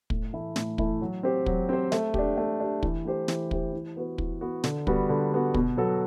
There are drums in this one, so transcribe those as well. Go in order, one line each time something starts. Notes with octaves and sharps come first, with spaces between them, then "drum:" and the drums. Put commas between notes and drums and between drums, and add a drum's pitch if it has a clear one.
A2, drum: kick
E3 A3 E4
A2, drum: snare
E3 A3 E4, drum: kick
F#3
C4 G4 C5
F#3, drum: kick
C4 G4 C5
A3, drum: snare
D4 G4, drum: kick
A3
D4 G4
E3, drum: kick
A3 E4 G4 C5
E3, drum: snare
A3 E4 G4 C5, drum: kick
E3
B3 F#4 B4
E3, drum: kick
B3 F#4 B4
D3, drum: snare
G3 B3 F#4, drum: kick
D3
G3 B3 F#4
B2, drum: kick
F#3 B3 F#4 A4